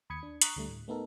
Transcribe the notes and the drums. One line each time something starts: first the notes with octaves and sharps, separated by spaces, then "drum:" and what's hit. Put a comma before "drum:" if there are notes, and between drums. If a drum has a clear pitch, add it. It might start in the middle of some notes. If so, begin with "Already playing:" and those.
D#2 B5 D#6 G#6 C#7
D4
A#5 C#6 D#6 F#6 B6, drum: hi-hat
D2 D3 G3 A3
A2
A3 B3 D#4 A4 A#4